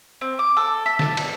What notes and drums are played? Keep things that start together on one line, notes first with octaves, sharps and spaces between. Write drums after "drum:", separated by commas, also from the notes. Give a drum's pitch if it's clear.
C4
D6
A4
E5
A5, drum: snare
drum: cymbal